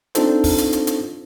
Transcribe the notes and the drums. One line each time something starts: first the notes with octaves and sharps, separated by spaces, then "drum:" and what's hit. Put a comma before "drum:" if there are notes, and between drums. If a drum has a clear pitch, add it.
C4 D4 D#4 F4 A4 C5, drum: hi-hat
drum: kick, open hi-hat
drum: hi-hat
drum: hi-hat
drum: hi-hat